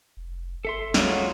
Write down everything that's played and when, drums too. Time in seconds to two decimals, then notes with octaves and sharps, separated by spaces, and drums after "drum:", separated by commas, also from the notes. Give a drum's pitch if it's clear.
0.17 F1
0.65 G1 A4 E5 C6
0.94 D#2 F#3 G#3 F4 F#4, drum: snare